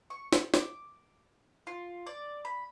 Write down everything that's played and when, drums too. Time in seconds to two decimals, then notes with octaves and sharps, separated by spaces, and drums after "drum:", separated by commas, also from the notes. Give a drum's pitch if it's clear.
0.10 C#6
0.33 drum: snare
0.54 D6, drum: snare
1.67 F4
2.07 D5
2.45 B5